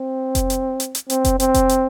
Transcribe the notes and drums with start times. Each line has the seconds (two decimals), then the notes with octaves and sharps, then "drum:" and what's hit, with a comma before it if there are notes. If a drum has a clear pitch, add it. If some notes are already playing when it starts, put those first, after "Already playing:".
Already playing: C4
0.35 drum: kick F1, hi-hat
0.50 drum: hi-hat
0.80 drum: hi-hat
0.95 drum: hi-hat
1.10 C4, drum: hi-hat
1.25 drum: kick F1, hi-hat
1.40 C4, drum: hi-hat
1.54 drum: kick F1, hi-hat
1.69 drum: hi-hat